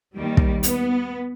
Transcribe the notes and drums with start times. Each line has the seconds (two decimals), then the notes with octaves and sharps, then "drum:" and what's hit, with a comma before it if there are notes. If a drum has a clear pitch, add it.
0.16 D#2 D#3 G3
0.37 drum: kick
0.63 B3, drum: hi-hat